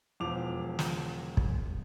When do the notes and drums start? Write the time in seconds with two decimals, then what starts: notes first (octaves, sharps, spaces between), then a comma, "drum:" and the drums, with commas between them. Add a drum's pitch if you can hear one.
0.20 E1 F3 D6 F7
0.79 drum: snare
1.37 drum: kick